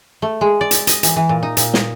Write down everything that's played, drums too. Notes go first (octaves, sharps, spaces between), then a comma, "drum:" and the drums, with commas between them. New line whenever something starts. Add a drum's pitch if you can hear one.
A3
G#3
D5
drum: hi-hat
D#5, drum: hi-hat
E3, drum: hi-hat
E3
A#2
D#4
A#2, drum: hi-hat
D#5, drum: snare